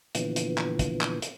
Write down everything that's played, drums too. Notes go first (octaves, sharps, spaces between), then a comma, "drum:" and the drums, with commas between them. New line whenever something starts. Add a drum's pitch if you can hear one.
A#2 D3 E3 F3 B3, drum: hi-hat
drum: hi-hat
drum: clap
drum: kick, hi-hat
drum: clap
drum: hi-hat